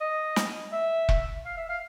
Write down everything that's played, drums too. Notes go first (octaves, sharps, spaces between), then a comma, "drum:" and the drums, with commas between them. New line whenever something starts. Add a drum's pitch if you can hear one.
D#5
drum: snare
E5
drum: kick E1
F5
E5
F5